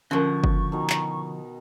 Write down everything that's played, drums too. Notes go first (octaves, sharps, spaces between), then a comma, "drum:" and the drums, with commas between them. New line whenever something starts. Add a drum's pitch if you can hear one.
D3 F3 C#4 A#4 C#6
drum: kick F#1
B2 D#3
drum: clap